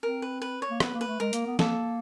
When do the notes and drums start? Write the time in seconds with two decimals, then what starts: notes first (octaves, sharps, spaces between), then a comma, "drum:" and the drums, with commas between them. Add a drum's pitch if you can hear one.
0.03 C4 A#4
0.22 B4
0.42 B4
0.62 C#5
0.70 A#3
0.80 B3 B4, drum: rim click
0.94 A#3
1.01 B4
1.07 A3
1.20 G#3 A#4
1.33 A#3, drum: hi-hat
1.46 B3
1.59 A#3 A4, drum: snare